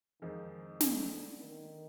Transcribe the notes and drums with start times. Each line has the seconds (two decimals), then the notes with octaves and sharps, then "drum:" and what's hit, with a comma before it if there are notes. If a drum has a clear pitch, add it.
0.21 F2 D#3 F3 G#3 D#4
0.80 D3, drum: snare
1.41 D#3